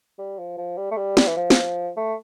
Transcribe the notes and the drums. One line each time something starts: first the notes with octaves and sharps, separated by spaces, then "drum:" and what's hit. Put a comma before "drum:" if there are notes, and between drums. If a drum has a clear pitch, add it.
G3
F3
F3
G3
A3
G3
G3, drum: snare
E3
F3
drum: snare
A3